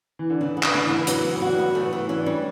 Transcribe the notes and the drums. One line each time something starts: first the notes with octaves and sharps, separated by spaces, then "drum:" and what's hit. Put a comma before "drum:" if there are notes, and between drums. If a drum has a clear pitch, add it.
E3
D3
C#3 E3
B3
D3, drum: clap
B3
E3
B3
E3 F#3, drum: hi-hat
B3
G3 F#4
B3
E3 A3
E3
E3 C#4
D4
G3 C#4